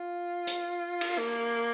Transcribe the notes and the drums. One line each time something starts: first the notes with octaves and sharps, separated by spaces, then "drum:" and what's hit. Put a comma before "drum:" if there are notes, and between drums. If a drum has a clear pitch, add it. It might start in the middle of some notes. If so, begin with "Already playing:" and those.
Already playing: F4
drum: hi-hat
drum: cymbal
A#3